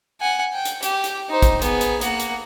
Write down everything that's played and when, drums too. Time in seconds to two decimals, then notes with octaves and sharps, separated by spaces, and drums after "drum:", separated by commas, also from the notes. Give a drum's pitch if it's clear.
0.21 F#5 G#5
0.53 G5
0.65 drum: hi-hat
0.83 G4, drum: hi-hat
1.04 drum: hi-hat
1.30 D#4 C5
1.42 drum: kick, hi-hat
1.62 B3 G#4, drum: hi-hat
1.81 drum: hi-hat
2.01 A#3 F#5, drum: hi-hat
2.20 drum: hi-hat